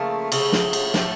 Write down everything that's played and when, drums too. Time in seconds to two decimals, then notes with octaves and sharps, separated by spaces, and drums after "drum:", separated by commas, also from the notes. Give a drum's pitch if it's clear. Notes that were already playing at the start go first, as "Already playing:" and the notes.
Already playing: C#3 F3 A3 A#3
0.32 C#3 F3 A3, drum: cymbal
0.52 drum: snare
0.73 drum: cymbal
0.94 A2 F3 A3 G4, drum: snare